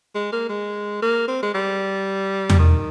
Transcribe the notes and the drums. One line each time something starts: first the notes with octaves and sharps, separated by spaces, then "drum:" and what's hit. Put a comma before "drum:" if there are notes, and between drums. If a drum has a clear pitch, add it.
G#3
A#3
G#3
A#3
C4
G#3
G3
drum: tom E2
D#3